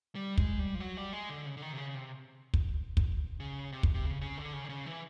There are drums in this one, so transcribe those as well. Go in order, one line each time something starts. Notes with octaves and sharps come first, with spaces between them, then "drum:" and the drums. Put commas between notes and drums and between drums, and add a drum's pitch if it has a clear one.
G3
G#3, drum: kick
G3
F3
F#3
G3
G#3
D3
C#3
D3
D#3
C3
C#3
C3
drum: kick
drum: kick
C#3
C3
drum: kick
C3
C#3
C#3
D3
C#3
D3
C#3
E3